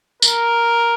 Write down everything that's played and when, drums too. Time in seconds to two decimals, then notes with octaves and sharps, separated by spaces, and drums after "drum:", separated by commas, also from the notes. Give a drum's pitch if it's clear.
0.22 A#4, drum: tambourine